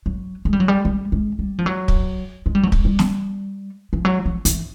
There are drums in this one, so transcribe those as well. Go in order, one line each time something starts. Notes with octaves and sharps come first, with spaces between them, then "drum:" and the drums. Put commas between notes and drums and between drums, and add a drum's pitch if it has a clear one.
F#3
G#3
G3
F#3
G3
G3
G#3
G3
F3
F#3
drum: kick
G#3
G3
F#3
G3, drum: kick
G3
drum: snare
F3
F#3
F3
E3, drum: hi-hat